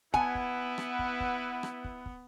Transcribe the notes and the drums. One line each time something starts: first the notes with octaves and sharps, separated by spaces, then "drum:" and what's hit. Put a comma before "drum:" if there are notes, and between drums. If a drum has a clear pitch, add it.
B3 E4 B4 F#5 G#5, drum: kick
drum: kick
drum: rim click
drum: kick
drum: kick
drum: rim click
drum: kick
drum: kick